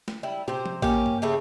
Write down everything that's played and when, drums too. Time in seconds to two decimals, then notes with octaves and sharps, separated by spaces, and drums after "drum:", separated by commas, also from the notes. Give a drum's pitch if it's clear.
0.08 drum: snare
0.23 G3 E4
0.48 C3 G4 C5
0.66 drum: tom F3
0.82 A#3 C#4 G4, drum: kick A1
1.06 drum: tom G2
1.22 C#3 A3 G4